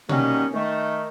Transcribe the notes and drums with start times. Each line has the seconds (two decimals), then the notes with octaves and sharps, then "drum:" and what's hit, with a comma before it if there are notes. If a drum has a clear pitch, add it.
0.09 D#3 F#3 G3 A#3 B3 C#4, drum: tom B2
0.54 D#3 A3